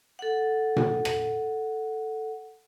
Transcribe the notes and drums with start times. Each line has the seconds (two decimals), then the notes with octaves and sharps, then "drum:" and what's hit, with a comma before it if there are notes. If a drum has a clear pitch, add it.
0.19 A4 F#5
0.76 drum: tom A#2
1.05 drum: rim click